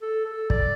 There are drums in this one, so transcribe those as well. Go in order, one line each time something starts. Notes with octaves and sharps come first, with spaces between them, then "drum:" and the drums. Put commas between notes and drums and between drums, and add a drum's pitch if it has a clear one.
A4
A4
D5, drum: kick